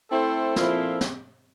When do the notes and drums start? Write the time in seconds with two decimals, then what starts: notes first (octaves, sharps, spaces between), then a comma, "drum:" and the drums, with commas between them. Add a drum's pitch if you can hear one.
0.11 A3 C4 E4 A4 C5
0.56 A#2 F3 C4 E4 A4, drum: snare
1.01 drum: snare